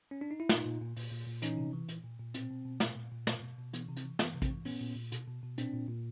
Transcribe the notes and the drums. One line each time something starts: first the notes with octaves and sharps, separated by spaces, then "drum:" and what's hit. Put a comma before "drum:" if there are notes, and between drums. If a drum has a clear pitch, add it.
C#4
D4
D#4
E4
A#2 D#4 F4, drum: snare
A#2
A#2
A#2, drum: open hi-hat
A#2
A#2
E3 C#4 D#4, drum: hi-hat
C3
E3
A#2, drum: hi-hat
A#2
A#2
B2 C4, drum: hi-hat
B2
B2
A#2, drum: snare
A#2
A#2
B2, drum: snare
B2
B2
E3 B3, drum: hi-hat
C3
C4, drum: hi-hat
E3
E3 B3, drum: snare
C3
C4, drum: kick A1, hi-hat
E3
A#2 B3 C#4, drum: open hi-hat
A#2
A#2
B2, drum: hi-hat
B2
B2
A#2 C4 D4, drum: hi-hat
A#2
A#2